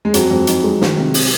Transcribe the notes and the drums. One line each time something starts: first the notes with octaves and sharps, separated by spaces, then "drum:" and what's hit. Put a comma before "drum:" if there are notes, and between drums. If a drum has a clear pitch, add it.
G#3
F2 F#3, drum: hi-hat
F2
D#4, drum: hi-hat
G#3
D#3, drum: snare
C3
C3, drum: open hi-hat